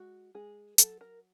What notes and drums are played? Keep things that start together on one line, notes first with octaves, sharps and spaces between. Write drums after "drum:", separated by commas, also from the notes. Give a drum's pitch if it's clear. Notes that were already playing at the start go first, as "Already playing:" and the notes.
Already playing: G#3 F#4
G#3 G#4
F#3 A4, drum: hi-hat
A#4